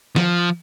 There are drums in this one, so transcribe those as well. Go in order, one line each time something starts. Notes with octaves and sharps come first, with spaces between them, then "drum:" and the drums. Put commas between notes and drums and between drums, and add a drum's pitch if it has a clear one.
F3, drum: snare D#3